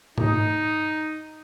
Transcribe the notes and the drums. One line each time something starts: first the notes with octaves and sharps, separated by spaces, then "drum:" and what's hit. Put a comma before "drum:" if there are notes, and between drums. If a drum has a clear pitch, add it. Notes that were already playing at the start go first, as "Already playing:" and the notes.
D#4, drum: tom G#2